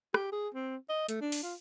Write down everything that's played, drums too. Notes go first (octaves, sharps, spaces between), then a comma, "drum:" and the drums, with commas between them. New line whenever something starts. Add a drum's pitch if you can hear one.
G4, drum: rim click
G#4
C4
D#5
A3, drum: hi-hat
D4
drum: open hi-hat
F4